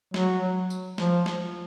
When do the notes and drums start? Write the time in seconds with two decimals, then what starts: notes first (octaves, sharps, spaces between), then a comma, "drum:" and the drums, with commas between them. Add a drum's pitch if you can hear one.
0.14 F#3, drum: snare
0.70 drum: tambourine
0.98 F3, drum: snare
1.26 drum: snare